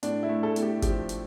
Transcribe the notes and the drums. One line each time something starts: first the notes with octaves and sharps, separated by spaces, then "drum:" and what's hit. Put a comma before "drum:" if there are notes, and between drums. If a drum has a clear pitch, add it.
A2 D4, drum: hi-hat
E4
A3
A4
A2, drum: hi-hat
G4
F3 G4, drum: kick G1, hi-hat
drum: hi-hat